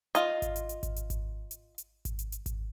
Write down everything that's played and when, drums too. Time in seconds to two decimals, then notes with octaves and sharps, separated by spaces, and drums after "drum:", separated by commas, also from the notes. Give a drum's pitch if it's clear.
0.15 F4 D#5, drum: hi-hat
0.42 drum: kick G#1, hi-hat
0.56 drum: hi-hat
0.69 drum: hi-hat
0.83 drum: kick G#1, hi-hat
0.96 drum: hi-hat
1.10 drum: kick G#1, hi-hat
1.51 drum: hi-hat
1.78 drum: hi-hat
2.05 drum: kick G#1, hi-hat
2.19 drum: hi-hat
2.32 drum: hi-hat
2.46 drum: kick G#1, hi-hat